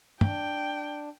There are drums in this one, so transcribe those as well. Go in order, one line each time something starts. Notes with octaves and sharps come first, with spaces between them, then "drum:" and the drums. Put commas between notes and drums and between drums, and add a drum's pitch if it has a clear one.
D4 G5, drum: tom